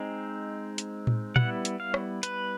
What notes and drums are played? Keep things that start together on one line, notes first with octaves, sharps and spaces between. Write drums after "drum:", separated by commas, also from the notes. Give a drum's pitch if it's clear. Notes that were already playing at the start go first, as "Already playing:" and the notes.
Already playing: G#3 C4 D#4
drum: hi-hat
drum: tom A2
G3 B3 E4 F#5, drum: tom A#2
drum: hi-hat
F5
drum: rim click
B4, drum: hi-hat